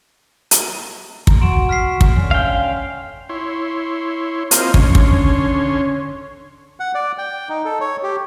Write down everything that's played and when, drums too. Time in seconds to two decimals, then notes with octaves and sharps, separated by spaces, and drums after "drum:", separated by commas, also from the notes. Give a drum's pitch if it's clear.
0.51 drum: hi-hat
1.27 D2 A#5, drum: kick
1.41 F#4 C6 D7 E7
1.69 F6 B6 C7
2.01 drum: kick
2.15 D3 C#4
2.31 F5 G5
3.29 E4 C#5 C6
4.51 A#3 C4 F4 C5 D#5 F5, drum: hi-hat
4.74 D3 C#4 C#5 C6, drum: kick
4.95 drum: kick
6.80 F#5
6.95 D5
7.18 G5
7.49 D#4
7.65 A4
7.81 C#5
8.03 G4